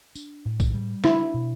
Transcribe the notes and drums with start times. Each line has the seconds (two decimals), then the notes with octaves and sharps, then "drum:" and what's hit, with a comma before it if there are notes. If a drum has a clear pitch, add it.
0.15 D4, drum: tambourine
0.45 A2
0.60 drum: kick, tambourine
0.74 G3
1.04 D4 E4, drum: snare
1.34 B2